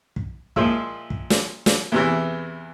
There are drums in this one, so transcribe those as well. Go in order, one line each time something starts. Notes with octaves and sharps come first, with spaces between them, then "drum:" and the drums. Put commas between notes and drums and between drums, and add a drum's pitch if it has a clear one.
drum: kick
A#2 F3 G#3 E5, drum: kick
drum: kick
drum: snare
drum: snare
E2 C3 E3